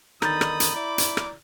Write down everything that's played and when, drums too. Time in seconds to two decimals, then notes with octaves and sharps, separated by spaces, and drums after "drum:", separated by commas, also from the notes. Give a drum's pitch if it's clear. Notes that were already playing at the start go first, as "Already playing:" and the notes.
0.22 E2 D3 D#3 A#5 B5 D#6 G6 A6, drum: rim click
0.41 drum: rim click
0.60 drum: hi-hat
0.75 E4 D5 D6
0.98 drum: hi-hat
1.17 drum: rim click